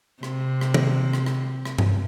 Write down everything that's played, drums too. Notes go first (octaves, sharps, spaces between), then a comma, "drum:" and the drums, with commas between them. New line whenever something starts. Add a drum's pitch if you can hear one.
C3, drum: rim click
drum: rim click
drum: tom
drum: rim click
drum: rim click
drum: rim click
drum: tom G2